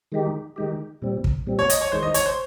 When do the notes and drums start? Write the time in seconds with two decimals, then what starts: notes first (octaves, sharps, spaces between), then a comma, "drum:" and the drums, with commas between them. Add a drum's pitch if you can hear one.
0.12 D#3 G#3 D#4 G4
0.56 D#3 G#3 D#4 G4
1.02 A#2 G3 C4
1.24 drum: kick
1.47 A#2 G3 C4
1.59 C#5
1.70 D#5, drum: hi-hat
1.81 C#5
1.92 D#3 G#3 D#4 C5
2.03 D#5
2.14 C#5, drum: hi-hat
2.26 C5